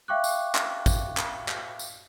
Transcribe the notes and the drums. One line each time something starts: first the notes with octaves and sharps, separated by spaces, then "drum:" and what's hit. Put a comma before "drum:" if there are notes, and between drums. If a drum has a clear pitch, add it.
E5 F5 G5 C#6 D6 F#6
drum: tambourine
drum: clap
drum: kick, tambourine
drum: clap
drum: clap
drum: tambourine